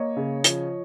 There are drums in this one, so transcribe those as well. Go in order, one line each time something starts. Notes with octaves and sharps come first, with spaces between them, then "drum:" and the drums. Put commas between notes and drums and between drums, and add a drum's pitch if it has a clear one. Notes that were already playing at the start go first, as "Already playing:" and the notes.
Already playing: A#3 C#5 D#5
C#3
F3, drum: hi-hat